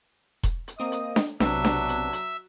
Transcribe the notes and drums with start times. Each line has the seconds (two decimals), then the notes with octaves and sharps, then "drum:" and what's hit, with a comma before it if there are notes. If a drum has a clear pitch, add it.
0.43 drum: kick E1, hi-hat
0.68 drum: hi-hat
0.79 A#3 C4 D#5 D#6
0.92 drum: hi-hat
1.16 drum: snare D4
1.40 B1 C3 F#3 B3 D4 E5, drum: snare D4
1.65 drum: snare D4
1.89 drum: hi-hat
2.13 drum: hi-hat